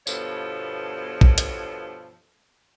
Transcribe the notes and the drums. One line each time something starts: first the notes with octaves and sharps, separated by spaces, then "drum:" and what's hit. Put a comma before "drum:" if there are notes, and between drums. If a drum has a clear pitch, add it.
G2 B2 F3 B3 A4 C#5, drum: tambourine
drum: kick A#1
drum: hi-hat